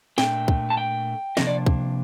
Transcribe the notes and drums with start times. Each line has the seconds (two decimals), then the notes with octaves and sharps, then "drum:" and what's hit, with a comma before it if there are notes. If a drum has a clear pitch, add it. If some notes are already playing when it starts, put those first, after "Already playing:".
0.18 A#2 A3 D4 G5, drum: snare
0.48 drum: kick
0.70 A5
0.77 G5
1.37 C3 F3 A#3 D4 D#5, drum: snare
1.47 D5
1.66 drum: kick